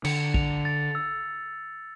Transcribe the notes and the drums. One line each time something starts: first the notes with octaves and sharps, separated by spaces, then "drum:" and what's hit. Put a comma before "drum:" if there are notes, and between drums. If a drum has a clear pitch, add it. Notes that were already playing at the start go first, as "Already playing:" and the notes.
D3 C#7, drum: cymbal
F7, drum: kick
A6
E6